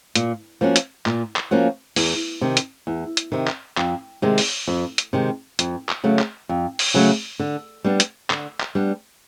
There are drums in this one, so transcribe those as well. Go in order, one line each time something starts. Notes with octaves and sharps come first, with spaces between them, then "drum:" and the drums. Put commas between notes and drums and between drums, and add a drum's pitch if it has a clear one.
A#2, drum: hi-hat
F3 A#3 C#4 F#4
drum: hi-hat
A#2, drum: clap
drum: clap
F3 A#3 C#4 F#4
E2, drum: open hi-hat
C3 D#3
drum: hi-hat
E2
drum: hi-hat
C3 D#3
drum: clap
F2, drum: clap
C3 D#3 G#3
drum: open hi-hat
F2
drum: hi-hat
C3 D#3 G#3
F2, drum: hi-hat
drum: clap
C#3 F#3 A3
drum: clap
F2
drum: open hi-hat
C#3 F#3 A3
D3
G3 B3 D4
drum: hi-hat
D3, drum: clap
drum: clap
G3 B3 D4